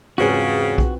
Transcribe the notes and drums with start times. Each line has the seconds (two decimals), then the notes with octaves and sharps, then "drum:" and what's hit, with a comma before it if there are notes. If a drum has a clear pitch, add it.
0.18 E2 G#2 C#3 C4 F4 F#4 G#4 B4
0.78 drum: kick